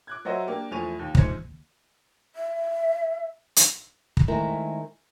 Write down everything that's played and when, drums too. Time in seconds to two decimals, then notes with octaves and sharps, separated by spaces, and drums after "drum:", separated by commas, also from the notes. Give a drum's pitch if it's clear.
0.07 D6 F#6 G#6
0.25 F#3 F#4 A#4 C5 D#5 E5
0.46 A#3 D4 G4
0.71 E2 F3 A3 C#6 D#7 F7
0.99 D#2
1.15 A#1 G#2 C5 G#6 C#7, drum: kick
2.35 E5
3.56 drum: hi-hat
4.17 drum: kick
4.28 D#3 G#3 A3 C4 E4 A#4